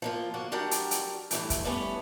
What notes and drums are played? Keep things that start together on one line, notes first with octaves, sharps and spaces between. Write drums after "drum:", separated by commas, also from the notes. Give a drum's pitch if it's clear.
F3 A#3 F4
D3 A#3 F#4
F#3 D4 G4 A#4 F#5 A5
drum: hi-hat
drum: hi-hat
G2 E3 A3, drum: hi-hat
drum: kick, hi-hat
G3 A3 B3 C#4